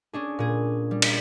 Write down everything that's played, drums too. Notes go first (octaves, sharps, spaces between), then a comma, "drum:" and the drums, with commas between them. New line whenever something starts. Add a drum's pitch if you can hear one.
C#4 D4 G#4
A#2 G#4
G3
drum: cymbal